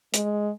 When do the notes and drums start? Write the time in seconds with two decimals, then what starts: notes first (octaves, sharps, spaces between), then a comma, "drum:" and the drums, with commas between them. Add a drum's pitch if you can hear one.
0.14 G#3, drum: hi-hat